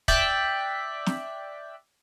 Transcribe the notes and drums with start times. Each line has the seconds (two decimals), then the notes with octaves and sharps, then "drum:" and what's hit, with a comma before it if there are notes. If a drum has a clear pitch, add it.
0.08 D5 E5 G5 F#6 B6, drum: kick
1.06 drum: snare